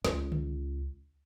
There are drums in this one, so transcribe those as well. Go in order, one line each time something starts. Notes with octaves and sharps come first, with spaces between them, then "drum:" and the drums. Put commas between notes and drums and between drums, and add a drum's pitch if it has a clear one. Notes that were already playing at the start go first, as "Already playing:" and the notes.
C#2, drum: snare
drum: tom